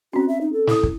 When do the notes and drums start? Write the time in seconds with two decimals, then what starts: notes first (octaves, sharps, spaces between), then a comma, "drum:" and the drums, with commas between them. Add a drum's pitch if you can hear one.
0.13 C4 C#4 F#4
0.28 E5
0.41 D#4
0.53 A4
0.67 E4 D#6, drum: snare
0.83 drum: kick